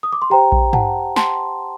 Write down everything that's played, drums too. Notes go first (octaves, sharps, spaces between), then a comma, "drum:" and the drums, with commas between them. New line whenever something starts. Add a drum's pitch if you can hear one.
D#6
D6
C6
G4 C5 G5 A#5
drum: kick A#1
F#5 A5, drum: tom
A5 C6, drum: snare